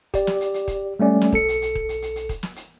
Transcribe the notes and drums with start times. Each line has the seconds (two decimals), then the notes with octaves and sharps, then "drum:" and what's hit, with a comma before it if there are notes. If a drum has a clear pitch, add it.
0.14 G4 D5, drum: kick D#1, hi-hat
0.27 drum: snare
0.41 drum: hi-hat
0.54 drum: hi-hat
0.68 drum: kick D#1, hi-hat
0.99 G3 A3 C#4 D5
1.21 drum: snare
1.32 B1 A4 C#7, drum: kick D#1
1.48 drum: hi-hat
1.62 drum: hi-hat
1.75 drum: kick D#1
1.89 drum: hi-hat
2.02 drum: hi-hat
2.16 drum: hi-hat
2.29 drum: kick D#1, hi-hat
2.43 drum: snare
2.56 drum: hi-hat